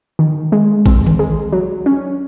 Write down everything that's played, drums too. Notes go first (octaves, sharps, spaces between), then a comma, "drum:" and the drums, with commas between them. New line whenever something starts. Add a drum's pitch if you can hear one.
D#3
G#3
C4, drum: kick A1
drum: tom D3
G#3
F#3
C#4